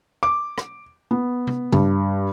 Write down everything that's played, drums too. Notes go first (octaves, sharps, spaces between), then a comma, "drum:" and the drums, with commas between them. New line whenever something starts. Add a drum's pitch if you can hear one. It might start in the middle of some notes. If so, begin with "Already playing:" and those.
D6
drum: rim click
B3
drum: tom C3
G2, drum: tom C#3